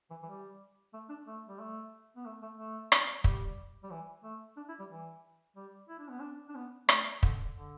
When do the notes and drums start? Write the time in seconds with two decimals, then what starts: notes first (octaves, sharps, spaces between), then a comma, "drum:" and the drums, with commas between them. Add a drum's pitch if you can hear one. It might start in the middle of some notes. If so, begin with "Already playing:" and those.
0.10 E3
0.23 E3
0.26 G3
0.94 A3
1.09 D4
1.27 A3
1.49 G3
1.60 A3
2.16 B3
2.26 A3
2.42 A3
2.58 A3
2.92 drum: rim click
3.24 G3, drum: kick
3.83 G3
3.90 E3
4.24 A3
4.57 D4
4.69 E4
4.79 G3
4.90 E3
5.57 G3
5.89 E4
5.99 D4
6.09 B3
6.20 D4
6.49 D4
6.56 B3
6.89 A3, drum: rim click
7.23 D3, drum: kick
7.55 D3